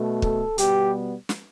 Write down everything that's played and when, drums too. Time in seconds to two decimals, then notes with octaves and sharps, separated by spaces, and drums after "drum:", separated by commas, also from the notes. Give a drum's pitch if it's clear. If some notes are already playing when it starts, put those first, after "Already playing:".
Already playing: B2 A3
0.22 A4, drum: kick
0.58 B2 G3 B3 G4, drum: hi-hat
1.29 drum: snare